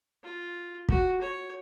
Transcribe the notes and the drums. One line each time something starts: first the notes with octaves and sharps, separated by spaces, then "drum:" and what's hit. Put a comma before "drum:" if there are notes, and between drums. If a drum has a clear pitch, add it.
F4
F#4, drum: kick
C#5